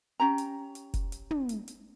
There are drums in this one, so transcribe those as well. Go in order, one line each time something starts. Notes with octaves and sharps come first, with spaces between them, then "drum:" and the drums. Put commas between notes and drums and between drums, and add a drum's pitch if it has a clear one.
C#4 G4 A#5
drum: hi-hat
drum: hi-hat
drum: kick F1, hi-hat
drum: hi-hat
drum: tom
drum: hi-hat
drum: hi-hat